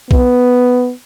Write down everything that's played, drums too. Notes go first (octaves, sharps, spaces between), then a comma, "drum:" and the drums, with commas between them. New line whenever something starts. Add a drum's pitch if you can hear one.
B3, drum: kick